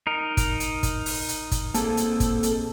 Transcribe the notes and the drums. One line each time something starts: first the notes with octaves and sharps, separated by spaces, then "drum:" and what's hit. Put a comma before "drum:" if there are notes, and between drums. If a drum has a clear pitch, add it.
D#4 A#4
drum: kick G1, hi-hat
drum: hi-hat
drum: kick G1, hi-hat
drum: open hi-hat
drum: hi-hat
drum: kick G1, hi-hat
A#3 C4 G#4 A4, drum: hi-hat
drum: hi-hat
drum: kick G1, hi-hat
drum: hi-hat